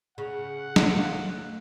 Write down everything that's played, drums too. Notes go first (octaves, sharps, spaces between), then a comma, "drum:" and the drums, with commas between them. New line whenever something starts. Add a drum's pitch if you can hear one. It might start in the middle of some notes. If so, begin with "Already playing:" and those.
C#3 F#5
drum: snare
A3 A#3 F4